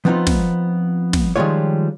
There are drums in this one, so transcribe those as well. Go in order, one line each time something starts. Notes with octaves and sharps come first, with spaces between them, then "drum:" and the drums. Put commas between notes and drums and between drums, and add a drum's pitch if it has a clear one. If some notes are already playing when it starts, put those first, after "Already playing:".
F3 B3 C4 D4 D#4 F4
drum: snare
drum: snare
D#3 F3 G3 G#3 F4 C#5